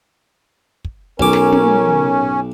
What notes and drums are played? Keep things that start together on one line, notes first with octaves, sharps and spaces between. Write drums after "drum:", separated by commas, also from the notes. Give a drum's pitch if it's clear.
drum: kick
B1 C#4 A#4 D6, drum: kick
drum: snare
drum: tom